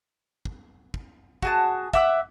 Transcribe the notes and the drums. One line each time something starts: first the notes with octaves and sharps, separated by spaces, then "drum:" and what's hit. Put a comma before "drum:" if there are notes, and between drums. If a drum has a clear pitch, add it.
drum: kick
drum: kick
F#4 G#4 A5, drum: kick
E5 F#5 D6 E6, drum: kick